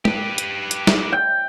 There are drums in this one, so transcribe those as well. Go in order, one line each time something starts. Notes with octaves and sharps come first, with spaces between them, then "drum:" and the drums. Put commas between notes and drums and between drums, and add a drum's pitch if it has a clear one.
G4 B4, drum: tom
drum: hi-hat
drum: hi-hat
drum: snare
G5